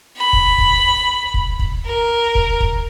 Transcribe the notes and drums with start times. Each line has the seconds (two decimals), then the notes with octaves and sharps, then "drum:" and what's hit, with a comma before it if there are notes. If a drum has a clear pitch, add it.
0.17 B5
0.33 drum: kick
0.58 drum: kick
1.34 drum: kick
1.59 drum: kick
1.85 A#4
2.35 drum: kick
2.60 drum: kick